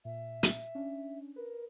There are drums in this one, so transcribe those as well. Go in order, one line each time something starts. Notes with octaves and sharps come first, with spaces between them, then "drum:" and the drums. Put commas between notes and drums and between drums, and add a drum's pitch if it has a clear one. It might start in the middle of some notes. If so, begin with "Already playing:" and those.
A#2 E5
drum: hi-hat
C#4 D4
A#4 B4